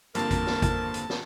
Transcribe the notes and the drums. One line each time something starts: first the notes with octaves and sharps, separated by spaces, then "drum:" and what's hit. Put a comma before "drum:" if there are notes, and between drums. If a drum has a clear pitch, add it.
G2 D3 F3 A#3 C4 A#4 A5, drum: hi-hat
drum: kick, hi-hat
drum: snare
drum: kick, hi-hat
drum: hi-hat
drum: snare